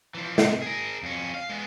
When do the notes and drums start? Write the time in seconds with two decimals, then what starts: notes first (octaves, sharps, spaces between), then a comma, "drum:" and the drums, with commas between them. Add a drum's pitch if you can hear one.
0.15 E3 F3
0.38 A2 C3, drum: snare
0.62 G#4 A#4
1.03 F2 C#4
1.35 F5
1.49 G#3 B3